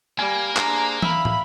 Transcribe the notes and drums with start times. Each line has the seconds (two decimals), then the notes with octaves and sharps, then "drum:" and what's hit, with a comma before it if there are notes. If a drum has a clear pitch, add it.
0.19 G3 A#3 G#5
0.56 D4 G#4 C5 A#5, drum: clap
1.02 E5 F5 B5, drum: tom
1.25 drum: tom